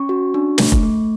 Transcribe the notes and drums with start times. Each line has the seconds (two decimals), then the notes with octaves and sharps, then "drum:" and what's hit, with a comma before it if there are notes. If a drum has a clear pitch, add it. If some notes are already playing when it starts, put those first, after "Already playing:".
Already playing: C#4 C#6
0.09 F#4
0.34 D4
0.58 A3, drum: snare
0.72 drum: kick F1
0.83 A3